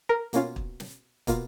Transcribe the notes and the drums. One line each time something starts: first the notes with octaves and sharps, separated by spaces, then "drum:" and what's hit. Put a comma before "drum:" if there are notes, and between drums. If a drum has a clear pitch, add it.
A#4
B2 A#3 C#4 F4, drum: hi-hat
drum: kick
drum: snare
B2 A#3 F4, drum: kick, hi-hat